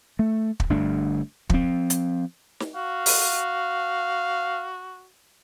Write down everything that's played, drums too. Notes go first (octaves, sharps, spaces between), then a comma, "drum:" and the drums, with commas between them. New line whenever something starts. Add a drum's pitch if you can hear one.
A3
drum: kick
G1 G2 A3 D4
F3 C4, drum: kick
drum: hi-hat
drum: snare
F#4 F5
drum: open hi-hat